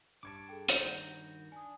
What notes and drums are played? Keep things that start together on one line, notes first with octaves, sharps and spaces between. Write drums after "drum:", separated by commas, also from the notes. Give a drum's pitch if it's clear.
G2 A5 C#6 D6 G#6 D7
G#4 A4 G5
D#3 F#4 G6, drum: hi-hat
D4 G#5 D#6